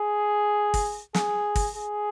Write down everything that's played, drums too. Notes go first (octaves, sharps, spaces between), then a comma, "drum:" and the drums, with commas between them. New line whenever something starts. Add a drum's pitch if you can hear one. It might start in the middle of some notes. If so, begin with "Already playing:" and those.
Already playing: G#4
drum: kick, open hi-hat
G#4, drum: snare
drum: kick, open hi-hat
G#4